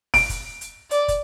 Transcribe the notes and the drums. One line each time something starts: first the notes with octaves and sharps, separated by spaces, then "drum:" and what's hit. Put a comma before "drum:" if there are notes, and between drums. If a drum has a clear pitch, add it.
D7, drum: kick, open hi-hat
drum: kick, hi-hat
drum: hi-hat
D5, drum: hi-hat
drum: kick, hi-hat